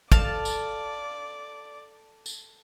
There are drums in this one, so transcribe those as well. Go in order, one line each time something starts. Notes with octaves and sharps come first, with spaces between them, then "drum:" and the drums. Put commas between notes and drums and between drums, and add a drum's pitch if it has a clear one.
A4 D5 F5 A5, drum: kick
drum: tambourine
drum: tambourine